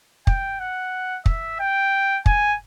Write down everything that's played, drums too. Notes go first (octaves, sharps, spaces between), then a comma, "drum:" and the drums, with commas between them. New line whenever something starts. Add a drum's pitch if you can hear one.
G5, drum: kick
F#5
E5, drum: kick
G5
G#5, drum: kick